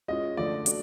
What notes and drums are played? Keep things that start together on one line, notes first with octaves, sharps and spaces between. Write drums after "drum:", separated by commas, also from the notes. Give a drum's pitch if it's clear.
G#3 C#4 F4 D#5
D3 F3 A3 D5
F#3 A3 D4, drum: hi-hat